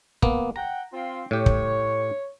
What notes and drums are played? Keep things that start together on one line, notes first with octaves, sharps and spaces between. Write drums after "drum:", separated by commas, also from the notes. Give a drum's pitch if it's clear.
A#3 B3, drum: kick
F#5 G5 A#5
C4 F4
A2 G4 C#5
drum: kick